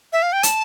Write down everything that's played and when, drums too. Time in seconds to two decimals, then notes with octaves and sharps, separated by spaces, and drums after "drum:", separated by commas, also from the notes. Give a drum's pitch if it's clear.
0.13 E5
0.22 F5
0.33 G5
0.43 A5, drum: hi-hat